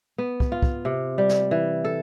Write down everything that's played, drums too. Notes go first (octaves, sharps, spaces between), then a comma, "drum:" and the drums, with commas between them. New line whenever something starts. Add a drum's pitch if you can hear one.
B3
drum: kick
F4
drum: kick
C3
G3
drum: snare
E3
A4